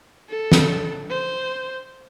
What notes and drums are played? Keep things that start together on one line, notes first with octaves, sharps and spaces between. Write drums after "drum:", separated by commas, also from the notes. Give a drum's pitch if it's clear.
A4
drum: snare
C5